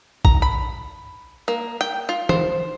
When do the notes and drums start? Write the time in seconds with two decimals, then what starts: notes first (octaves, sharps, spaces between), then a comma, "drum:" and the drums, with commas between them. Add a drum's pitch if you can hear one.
0.25 A#5, drum: kick
0.42 B5
1.48 A#3
1.81 G5
2.09 F4
2.29 C5, drum: tom